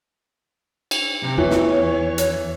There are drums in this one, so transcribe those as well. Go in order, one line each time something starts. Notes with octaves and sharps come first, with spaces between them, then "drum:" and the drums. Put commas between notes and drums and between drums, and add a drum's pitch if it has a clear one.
drum: cymbal
C3
E2 E3 C#5
drum: snare
drum: hi-hat